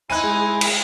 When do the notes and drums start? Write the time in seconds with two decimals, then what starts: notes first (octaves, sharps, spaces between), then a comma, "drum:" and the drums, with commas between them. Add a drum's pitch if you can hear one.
0.10 C4 D#4 E4 G#5 F#6 D#7
0.24 G#3 G#4
0.61 drum: cymbal